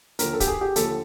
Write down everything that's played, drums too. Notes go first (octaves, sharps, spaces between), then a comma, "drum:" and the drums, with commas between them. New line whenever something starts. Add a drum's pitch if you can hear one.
D#2 D3 F3 A#4, drum: hi-hat
A4
G4, drum: kick, hi-hat
G#4
G4
D#2 D3 F3 A4, drum: hi-hat